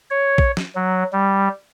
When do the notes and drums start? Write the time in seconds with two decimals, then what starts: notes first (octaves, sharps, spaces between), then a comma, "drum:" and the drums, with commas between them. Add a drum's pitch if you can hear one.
0.10 C#5
0.38 drum: kick A#1
0.57 drum: snare
0.76 F#3
1.13 G3